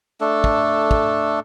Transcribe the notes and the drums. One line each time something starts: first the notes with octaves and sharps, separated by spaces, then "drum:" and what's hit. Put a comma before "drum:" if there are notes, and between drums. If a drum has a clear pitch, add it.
A3 D4 A4
drum: kick
drum: kick